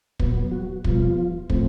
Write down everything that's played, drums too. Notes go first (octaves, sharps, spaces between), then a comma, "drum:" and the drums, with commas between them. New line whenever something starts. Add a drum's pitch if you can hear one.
A#2 F#3 B3, drum: kick
F#3 F#4
B2 F3 G3 B3 F4, drum: kick
A2 F3 A3 C4, drum: kick